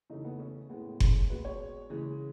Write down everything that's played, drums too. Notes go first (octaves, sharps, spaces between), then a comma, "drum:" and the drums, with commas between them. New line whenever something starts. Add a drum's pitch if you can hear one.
C#3 E3 A3 D#4
B3
C#4
A2 G#3 B3
C#4, drum: kick F#1
B2 G#3 B4
C#5
C#3 E3 G#3